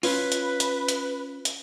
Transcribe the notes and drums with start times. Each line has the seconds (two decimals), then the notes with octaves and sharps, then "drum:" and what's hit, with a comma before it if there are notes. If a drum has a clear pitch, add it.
0.03 C#4 F4 B4, drum: open hi-hat
0.32 drum: hi-hat
0.60 drum: hi-hat
0.88 drum: hi-hat
1.45 drum: hi-hat